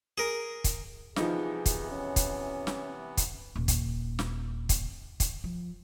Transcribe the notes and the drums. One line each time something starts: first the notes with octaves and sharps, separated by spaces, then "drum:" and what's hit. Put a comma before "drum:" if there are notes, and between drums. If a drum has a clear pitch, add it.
G#4 A#4
drum: kick, hi-hat
C3 E3 F3 B3 D#4 G#4, drum: snare
drum: kick, hi-hat
C#4
drum: kick, hi-hat
drum: snare
drum: kick, hi-hat
D#1
drum: kick, hi-hat
drum: snare
drum: kick, hi-hat
drum: kick, hi-hat
F3